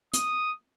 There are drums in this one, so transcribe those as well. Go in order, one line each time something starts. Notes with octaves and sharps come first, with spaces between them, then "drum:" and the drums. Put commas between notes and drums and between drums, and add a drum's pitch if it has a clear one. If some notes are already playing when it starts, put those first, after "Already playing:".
D#6, drum: hi-hat